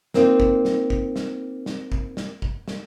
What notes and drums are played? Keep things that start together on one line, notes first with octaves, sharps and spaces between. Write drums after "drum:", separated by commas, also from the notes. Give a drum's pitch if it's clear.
A#3 C4 D#4 F4, drum: snare
drum: kick
drum: snare
drum: kick
drum: snare
drum: snare
drum: kick
drum: snare
drum: kick
drum: snare